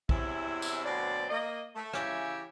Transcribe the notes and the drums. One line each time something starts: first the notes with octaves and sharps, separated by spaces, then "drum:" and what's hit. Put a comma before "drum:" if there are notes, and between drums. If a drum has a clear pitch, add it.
E2 C3 C4 C#4 E4, drum: kick B1
drum: tambourine
D2 B2 F#3 C4 D5
A#3 D#5
A3
C#3 E3 G4 C#5 E5 F5, drum: rim click